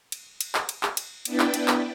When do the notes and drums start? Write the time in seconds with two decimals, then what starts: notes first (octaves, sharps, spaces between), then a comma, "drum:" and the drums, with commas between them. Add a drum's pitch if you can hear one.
0.12 drum: cymbal
0.41 drum: cymbal
0.55 drum: clap
0.69 drum: cymbal
0.83 drum: clap
0.97 drum: cymbal
1.25 B3 D4 E4 B4 D5 G5, drum: cymbal
1.40 drum: clap
1.54 drum: cymbal
1.68 drum: clap